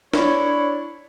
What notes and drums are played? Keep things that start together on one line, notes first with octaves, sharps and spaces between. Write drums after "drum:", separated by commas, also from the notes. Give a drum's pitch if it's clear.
D4 E4 C#5, drum: snare